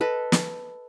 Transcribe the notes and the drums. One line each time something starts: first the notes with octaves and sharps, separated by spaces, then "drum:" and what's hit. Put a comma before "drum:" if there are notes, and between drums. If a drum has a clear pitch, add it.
A4 B4 D#5
drum: snare